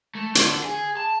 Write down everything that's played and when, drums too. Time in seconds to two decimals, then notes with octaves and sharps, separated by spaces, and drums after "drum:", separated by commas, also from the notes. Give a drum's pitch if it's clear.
0.15 A3
0.35 D3, drum: hi-hat
0.63 G#4
0.97 A5